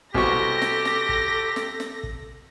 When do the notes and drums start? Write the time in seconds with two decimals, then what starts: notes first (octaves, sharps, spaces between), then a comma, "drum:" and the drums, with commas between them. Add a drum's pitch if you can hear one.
0.14 C2 B2 G4 A4 C#6 A#6, drum: kick
0.62 drum: snare
0.85 drum: snare
1.09 drum: kick
1.56 drum: snare
1.80 drum: snare
2.03 drum: kick